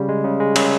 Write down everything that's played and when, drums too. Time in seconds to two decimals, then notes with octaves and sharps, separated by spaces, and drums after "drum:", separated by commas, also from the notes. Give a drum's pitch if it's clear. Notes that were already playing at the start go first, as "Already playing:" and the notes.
Already playing: C#3 G3
0.09 G#3
0.24 C#3
0.40 G#3
0.56 C#3, drum: cymbal